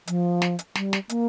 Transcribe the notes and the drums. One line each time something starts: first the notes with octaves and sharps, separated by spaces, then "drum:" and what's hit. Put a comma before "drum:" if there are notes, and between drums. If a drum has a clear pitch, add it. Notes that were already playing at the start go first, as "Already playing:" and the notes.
F3, drum: hi-hat
drum: snare
drum: hi-hat
G3, drum: snare
drum: snare
A#3, drum: hi-hat